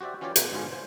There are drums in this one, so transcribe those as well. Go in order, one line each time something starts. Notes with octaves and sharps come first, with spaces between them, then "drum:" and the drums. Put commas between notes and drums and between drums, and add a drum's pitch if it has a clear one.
F#4 G4 C5 D5 E5
E3 C#4 F4 G4 C#5 D5
B2, drum: hi-hat
G#2 D3 B3 F4 G#5
C5